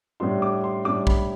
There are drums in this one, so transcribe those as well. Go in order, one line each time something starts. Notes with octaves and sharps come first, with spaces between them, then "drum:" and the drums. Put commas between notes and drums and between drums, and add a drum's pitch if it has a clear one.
A2 G3 D4 C6
D6
C6
A2 G3 D4 D6
B5, drum: kick